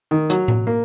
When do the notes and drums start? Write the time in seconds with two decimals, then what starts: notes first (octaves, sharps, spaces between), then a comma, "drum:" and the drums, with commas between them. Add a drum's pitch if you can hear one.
0.11 D#3
0.30 F#3, drum: hi-hat
0.48 drum: tom A2
0.67 A#3